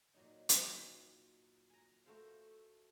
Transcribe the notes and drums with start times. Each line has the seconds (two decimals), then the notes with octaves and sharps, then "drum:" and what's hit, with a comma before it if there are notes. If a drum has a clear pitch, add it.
0.14 A#2 F#3 D#4
0.49 drum: hi-hat
1.70 G#5 A#5
2.06 A3 F#4 A4 A#4 C5 F5